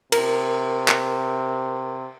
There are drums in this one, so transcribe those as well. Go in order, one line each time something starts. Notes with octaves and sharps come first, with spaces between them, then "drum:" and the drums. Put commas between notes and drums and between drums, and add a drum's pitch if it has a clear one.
C3 A#4, drum: cymbal
drum: clap